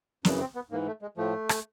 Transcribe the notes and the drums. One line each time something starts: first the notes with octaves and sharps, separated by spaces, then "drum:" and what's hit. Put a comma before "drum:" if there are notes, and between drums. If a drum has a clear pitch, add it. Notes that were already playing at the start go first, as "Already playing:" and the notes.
F#2 C#3 E3 D4, drum: snare
C4
B3
G#2 E3 A#3
A3
G#3
A2 F3 A3
drum: rim click